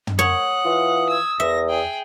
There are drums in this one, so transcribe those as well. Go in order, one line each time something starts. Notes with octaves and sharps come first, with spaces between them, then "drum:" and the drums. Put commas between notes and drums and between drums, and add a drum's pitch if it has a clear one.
drum: tom
C#5 F#5 D#6
E3 F4
E6 G#6
E2 E5 A#6
G#4 G5